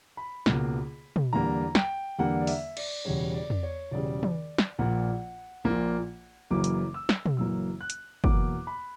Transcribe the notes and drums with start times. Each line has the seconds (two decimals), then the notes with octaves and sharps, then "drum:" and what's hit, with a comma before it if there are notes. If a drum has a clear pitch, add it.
0.17 B5
0.46 C#2 B2 A#3, drum: snare
1.16 drum: tom
1.33 E2 D3 G3 A#3 A#5
1.75 G5, drum: snare
2.18 E2 D3 G3 A#3 F#5
2.41 D5
2.47 E5, drum: open hi-hat
2.77 D5, drum: cymbal
3.05 E1 E2 C#3 G3 C#5
3.34 D5
3.50 drum: tom
3.63 C#5
3.91 E1 E2 C#3 G3 D5
4.23 drum: tom
4.58 drum: snare
4.78 A#1 A#2 A#3 F#5
5.64 A#1 A#2 A#3
6.51 F#1 F#2 E3 A#3 D6
6.64 drum: hi-hat
6.94 E6
7.09 drum: snare
7.26 drum: tom
7.37 F#1 F#2 E3 A#3 E6
7.81 F#6
7.90 drum: hi-hat
8.24 E2 B2 F#3 A#3 D6, drum: kick
8.67 B5